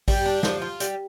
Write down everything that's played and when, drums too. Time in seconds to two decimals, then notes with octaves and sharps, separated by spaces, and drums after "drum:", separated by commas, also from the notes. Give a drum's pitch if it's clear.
0.08 G3, drum: kick A1, open hi-hat
0.25 D4
0.43 F3, drum: snare
0.62 F4
0.80 G3, drum: hi-hat